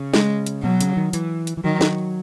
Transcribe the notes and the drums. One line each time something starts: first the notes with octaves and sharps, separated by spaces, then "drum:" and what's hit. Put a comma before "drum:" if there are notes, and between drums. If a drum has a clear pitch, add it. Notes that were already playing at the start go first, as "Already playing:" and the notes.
Already playing: C#3
G#3, drum: snare
drum: hi-hat
B2 F#3
C#3, drum: hi-hat
D#3
E3, drum: hi-hat
drum: hi-hat
E3
D#3 F#3
drum: snare